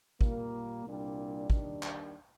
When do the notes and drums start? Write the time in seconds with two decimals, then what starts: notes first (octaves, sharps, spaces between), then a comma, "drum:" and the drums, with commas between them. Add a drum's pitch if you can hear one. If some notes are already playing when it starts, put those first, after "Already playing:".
0.21 A#2 G3 A#3, drum: kick
0.85 C2 A#2 G3 D4
1.50 D#2 D#3 G3 D4, drum: kick
1.83 drum: clap